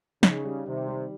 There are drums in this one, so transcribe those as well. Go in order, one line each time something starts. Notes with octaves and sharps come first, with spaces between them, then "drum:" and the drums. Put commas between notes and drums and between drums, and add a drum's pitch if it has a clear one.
C#3 D#4, drum: snare
G3
C3 D#3
G3